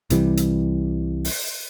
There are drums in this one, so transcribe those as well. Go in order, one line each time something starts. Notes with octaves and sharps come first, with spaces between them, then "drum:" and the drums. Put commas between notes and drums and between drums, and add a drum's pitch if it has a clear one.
C2 C3 E3 G3, drum: hi-hat
drum: hi-hat
drum: open hi-hat